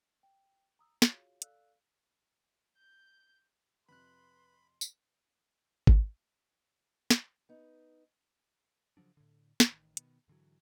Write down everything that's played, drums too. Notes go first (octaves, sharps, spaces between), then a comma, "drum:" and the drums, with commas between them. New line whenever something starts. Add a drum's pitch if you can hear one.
G5
A#5 D#6 E6
F4 F#4 G#4 C#5 F5, drum: snare
A4 D5 F5 E6 F#6, drum: hi-hat
G6
F2 C3 B4 B5 C6 F#6
drum: tambourine
drum: kick G#1
drum: snare
B3 D#4
C#3 F3 F#3 D4
A2 D3
A1 D#3, drum: snare
B2 D#3 B3, drum: hi-hat
G#2 D3 E3 F#3